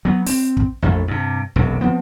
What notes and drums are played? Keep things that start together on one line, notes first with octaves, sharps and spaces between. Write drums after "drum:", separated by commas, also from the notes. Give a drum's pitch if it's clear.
F#3 B3
C4, drum: open hi-hat
drum: kick
A#1 F2 A3
G2 C3
E1 B1 F#2 C3
F3 B3 C4